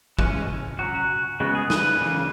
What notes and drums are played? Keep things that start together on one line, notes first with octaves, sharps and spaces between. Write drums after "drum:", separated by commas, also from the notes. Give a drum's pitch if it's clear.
E3 G#3 C#4, drum: kick
F#3 C#4 F#4
C#3 G#3 B3 F#4
G#4
B4, drum: snare
C#3 E3 A#3